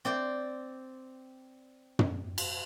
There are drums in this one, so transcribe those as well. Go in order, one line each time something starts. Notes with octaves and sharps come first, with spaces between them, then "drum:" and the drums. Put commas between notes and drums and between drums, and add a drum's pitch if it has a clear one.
C4 D5 G5
drum: tom
drum: cymbal